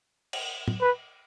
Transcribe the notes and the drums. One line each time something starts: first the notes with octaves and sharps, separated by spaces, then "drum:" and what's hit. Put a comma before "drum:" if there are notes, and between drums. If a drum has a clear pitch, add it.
drum: cymbal
drum: tom
B4